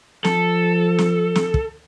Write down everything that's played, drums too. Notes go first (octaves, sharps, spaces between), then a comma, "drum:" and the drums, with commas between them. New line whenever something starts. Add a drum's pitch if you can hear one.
F3 A4, drum: snare
drum: snare
drum: snare
drum: kick